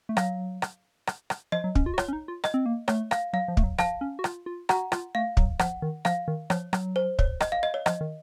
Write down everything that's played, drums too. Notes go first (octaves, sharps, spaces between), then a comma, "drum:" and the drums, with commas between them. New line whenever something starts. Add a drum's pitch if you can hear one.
A3
F#3 F5, drum: rim click
drum: rim click
drum: rim click
drum: rim click
F3 D#5
F#3
C#4, drum: kick
F4
F#4
F4 C#5, drum: rim click
C#4
D#4
F4
D#5, drum: rim click
C4
A#3
A3 C#5, drum: rim click
F5, drum: rim click
F#3 F5
F3
A3, drum: kick
F#3
F3 F5 A5, drum: rim click
C#4
F#4
F4, drum: rim click
F4
F#4 F#5 A#5, drum: rim click
F4, drum: rim click
A3 F5
F#3, drum: kick
F3 F#5, drum: rim click
D#3
F3 F5, drum: rim click
D#3
F3 C#5, drum: rim click
F#3, drum: rim click
C5
C#5, drum: kick
D#5, drum: rim click
F5
D#5
C#5
F3 D#5, drum: rim click
D#3